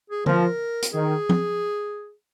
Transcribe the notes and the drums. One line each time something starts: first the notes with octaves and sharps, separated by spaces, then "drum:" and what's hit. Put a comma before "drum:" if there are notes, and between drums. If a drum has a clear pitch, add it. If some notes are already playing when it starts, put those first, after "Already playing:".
G#4
F3 A#4, drum: tom D3
drum: hi-hat
D#3 G#4
drum: tom F3